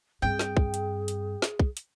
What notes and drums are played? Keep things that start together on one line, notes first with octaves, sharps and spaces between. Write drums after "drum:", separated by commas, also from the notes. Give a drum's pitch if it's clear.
G2 C4 G#4 G5
drum: snare
drum: kick
drum: hi-hat
drum: hi-hat
drum: snare
drum: kick
drum: hi-hat